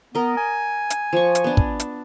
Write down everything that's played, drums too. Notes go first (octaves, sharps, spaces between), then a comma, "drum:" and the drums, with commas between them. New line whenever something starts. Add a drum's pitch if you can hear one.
B3 A#4 D#5
G#5
drum: hi-hat
F3 C#6
drum: hi-hat
B3 D4
drum: kick
drum: hi-hat